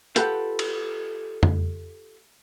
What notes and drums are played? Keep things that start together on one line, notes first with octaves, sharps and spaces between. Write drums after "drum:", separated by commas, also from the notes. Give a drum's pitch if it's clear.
F4 G4 A4 B4 F#5 G5, drum: hi-hat
drum: cymbal
drum: tom F2